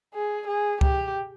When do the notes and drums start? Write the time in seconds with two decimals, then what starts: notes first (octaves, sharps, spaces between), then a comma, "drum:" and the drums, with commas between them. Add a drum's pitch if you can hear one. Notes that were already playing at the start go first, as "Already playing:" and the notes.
0.14 G#4
0.47 G#4
0.81 G4, drum: kick C#2